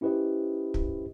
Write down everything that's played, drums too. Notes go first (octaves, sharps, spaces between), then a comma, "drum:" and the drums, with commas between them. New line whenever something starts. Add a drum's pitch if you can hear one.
C#4 E4 G4 B4 C5 D#5
drum: kick